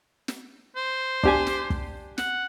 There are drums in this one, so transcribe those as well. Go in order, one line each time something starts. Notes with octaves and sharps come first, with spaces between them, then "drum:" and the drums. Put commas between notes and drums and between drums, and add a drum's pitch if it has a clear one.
drum: snare
C5
D4 G4 G#5, drum: kick
drum: snare
drum: kick
F#5, drum: snare